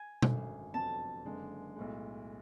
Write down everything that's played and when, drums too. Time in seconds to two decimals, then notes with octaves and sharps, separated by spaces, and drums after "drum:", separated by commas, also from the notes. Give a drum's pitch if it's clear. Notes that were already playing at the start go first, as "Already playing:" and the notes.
Already playing: G#5
0.22 G#1 F#2 D3 F#3 A3, drum: tom B2
0.73 F1 F2 D3 F#3 B3 A5
1.25 F#1 F#2 D3 G#3 D4
1.76 B1 A2 G#3